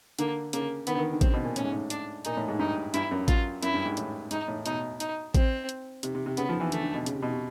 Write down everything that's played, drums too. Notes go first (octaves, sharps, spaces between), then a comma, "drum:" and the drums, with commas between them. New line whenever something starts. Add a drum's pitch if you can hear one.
D3 A#3, drum: hi-hat
C#3 A#3, drum: hi-hat
D#3 B3, drum: hi-hat
D3
D#3
D3
C#3 C4, drum: kick A1, hi-hat
B2
A#2
A2 C#4, drum: hi-hat
G#2
A2
D4, drum: hi-hat
A#2 D#4, drum: hi-hat
A2
G#2
G2 D#4
G2 E4, drum: hi-hat
F#2
F4, drum: kick A1, hi-hat
F#2 E4, drum: hi-hat
G2
G#2
A2, drum: hi-hat
G#2 D#4, drum: hi-hat
A2
B2 D#4, drum: hi-hat
D#4, drum: hi-hat
C4, drum: kick A1, hi-hat
drum: hi-hat
C3, drum: hi-hat
C3
C3
C#3 B3, drum: hi-hat
F3
E3
D3 A3, drum: hi-hat
D3
B2
C#3, drum: hi-hat
C3
B2
C3